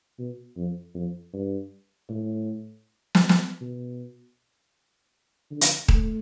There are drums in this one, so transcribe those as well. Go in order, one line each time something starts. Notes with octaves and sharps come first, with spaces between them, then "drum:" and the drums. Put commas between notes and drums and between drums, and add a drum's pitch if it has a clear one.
B2
F2
F2
G2
A2
drum: snare
drum: snare
B2
D3
drum: hi-hat
A3, drum: kick D#1